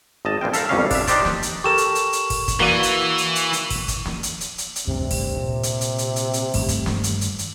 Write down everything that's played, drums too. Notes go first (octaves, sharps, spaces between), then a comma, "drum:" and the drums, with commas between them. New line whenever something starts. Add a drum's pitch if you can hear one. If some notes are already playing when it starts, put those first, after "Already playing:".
G#1 D#5 A5
A#1 E3 F4 G5
A4 E5 F5 A#5, drum: hi-hat
G1 C2 F2 G3 C#4 F5
D4 E5, drum: kick, open hi-hat
D4 D#4 G4 C5 D5, drum: kick, hi-hat
drum: snare
drum: hi-hat
G4 A4 A#4 C#6 E7
drum: hi-hat
drum: hi-hat
drum: hi-hat
drum: kick, open hi-hat
drum: kick, hi-hat
E3 A#3 F#4 D5 D#7 G7
drum: hi-hat
drum: hi-hat
drum: hi-hat
drum: hi-hat
drum: kick, open hi-hat
drum: kick, hi-hat
drum: snare
drum: hi-hat
drum: hi-hat
drum: hi-hat
drum: hi-hat
D2 G2 C3
drum: kick, open hi-hat
A#2
drum: hi-hat
drum: hi-hat
drum: hi-hat
drum: hi-hat
drum: hi-hat
G2 D#3 A3, drum: kick, open hi-hat
drum: kick, hi-hat
drum: snare
drum: hi-hat
drum: hi-hat
drum: hi-hat